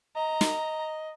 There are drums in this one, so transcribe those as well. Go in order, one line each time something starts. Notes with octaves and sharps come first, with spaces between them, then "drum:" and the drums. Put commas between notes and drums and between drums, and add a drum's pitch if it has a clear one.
D#5 A#5
drum: snare